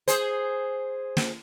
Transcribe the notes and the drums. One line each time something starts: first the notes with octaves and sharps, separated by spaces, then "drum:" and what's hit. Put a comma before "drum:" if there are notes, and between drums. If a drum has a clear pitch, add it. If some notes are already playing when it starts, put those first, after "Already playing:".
G#4 C5, drum: hi-hat
drum: snare